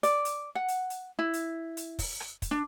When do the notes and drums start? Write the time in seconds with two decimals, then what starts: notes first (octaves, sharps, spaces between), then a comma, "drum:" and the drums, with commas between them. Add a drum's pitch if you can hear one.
0.03 D5, drum: hi-hat
0.25 drum: hi-hat
0.55 F#5
0.68 drum: hi-hat
0.90 drum: hi-hat
1.19 E4
1.33 drum: hi-hat
1.77 drum: hi-hat
1.99 drum: kick, open hi-hat
2.20 drum: rim click
2.42 drum: kick, hi-hat
2.51 D4